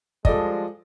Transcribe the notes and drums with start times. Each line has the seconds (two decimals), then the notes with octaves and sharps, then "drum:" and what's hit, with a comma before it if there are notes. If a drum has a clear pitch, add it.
0.25 F3 G3 G#3 A4 D5 D#5, drum: kick